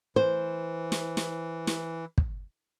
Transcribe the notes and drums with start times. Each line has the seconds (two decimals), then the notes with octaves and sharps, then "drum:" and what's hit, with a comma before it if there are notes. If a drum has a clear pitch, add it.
0.16 E3 C5
0.92 drum: snare
1.17 drum: snare
1.67 drum: snare
2.18 drum: kick